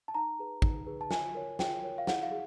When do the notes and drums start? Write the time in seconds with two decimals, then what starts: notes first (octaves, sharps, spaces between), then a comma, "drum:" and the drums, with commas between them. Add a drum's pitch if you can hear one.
0.08 A5
0.15 D#4 A#5
0.39 G#4 B4
0.62 D#4, drum: kick
0.87 G#4 B4
1.01 A5
1.11 F4 G#5, drum: snare
1.34 A#4 C#5
1.59 F4 G5, drum: snare
1.82 A#4 C#5
1.98 F5
2.07 E4 F#5, drum: snare
2.23 F5
2.31 G#4